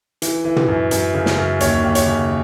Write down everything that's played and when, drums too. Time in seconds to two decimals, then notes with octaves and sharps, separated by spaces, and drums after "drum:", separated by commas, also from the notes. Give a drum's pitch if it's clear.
0.22 E3, drum: hi-hat
0.45 E3
0.56 drum: tom
0.68 F#2
0.91 F#2, drum: hi-hat
1.14 C#3
1.26 drum: snare
1.37 F#2
1.60 D#2 C#5, drum: hi-hat
1.84 D#2
1.95 C#5, drum: hi-hat
2.06 C#3